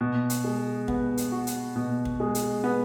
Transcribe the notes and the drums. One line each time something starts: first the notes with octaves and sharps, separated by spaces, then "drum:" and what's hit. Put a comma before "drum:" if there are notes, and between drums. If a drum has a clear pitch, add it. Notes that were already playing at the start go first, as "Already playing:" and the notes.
B2
drum: hi-hat
G#3
B3, drum: kick
drum: hi-hat
F#4
drum: hi-hat
B2
drum: kick
G#3
drum: hi-hat
B3